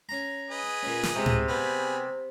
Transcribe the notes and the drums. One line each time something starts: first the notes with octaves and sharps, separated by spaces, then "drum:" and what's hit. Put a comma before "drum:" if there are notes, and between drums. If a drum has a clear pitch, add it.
C#4 A#5
G#4 B4 D#5
A#2 C#4
drum: snare
G#2 C3
drum: tom A2
G3 B3 G#4 B5